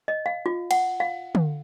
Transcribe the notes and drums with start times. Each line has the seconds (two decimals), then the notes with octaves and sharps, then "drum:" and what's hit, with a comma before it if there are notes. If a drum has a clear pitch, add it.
0.08 D#5
0.26 F5
0.46 F4
0.71 F#5, drum: cymbal
1.00 F5
1.35 drum: tom